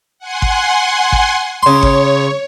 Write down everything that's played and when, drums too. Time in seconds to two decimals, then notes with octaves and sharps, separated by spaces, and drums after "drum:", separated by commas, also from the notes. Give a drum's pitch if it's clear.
0.19 F#5 G#5 C6
0.42 drum: kick G#1
1.12 drum: kick G#1
1.63 C#3 C#5 C6
1.83 drum: kick G#1